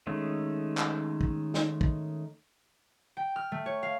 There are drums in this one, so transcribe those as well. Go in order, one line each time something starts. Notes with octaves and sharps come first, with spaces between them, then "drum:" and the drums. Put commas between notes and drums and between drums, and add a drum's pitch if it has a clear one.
D#3 G#3 A3 C#4
drum: clap
drum: kick
drum: snare
drum: kick
G5
F6
A3
C#5
F5